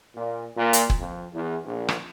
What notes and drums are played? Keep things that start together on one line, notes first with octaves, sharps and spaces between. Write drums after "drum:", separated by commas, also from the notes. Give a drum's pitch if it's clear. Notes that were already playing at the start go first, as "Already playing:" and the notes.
A#2
A#2
drum: hi-hat
drum: kick
F2
E2
A#1
drum: rim click